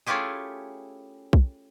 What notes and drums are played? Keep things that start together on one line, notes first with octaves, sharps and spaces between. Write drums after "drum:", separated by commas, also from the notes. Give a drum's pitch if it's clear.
A3 C#4 E4 F4 G4 G#4
drum: kick B1